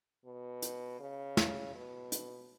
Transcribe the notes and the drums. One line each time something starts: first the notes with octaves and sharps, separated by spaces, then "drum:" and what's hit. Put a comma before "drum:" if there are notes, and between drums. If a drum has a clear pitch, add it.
B2
drum: hi-hat
C#3
drum: snare
B2
drum: hi-hat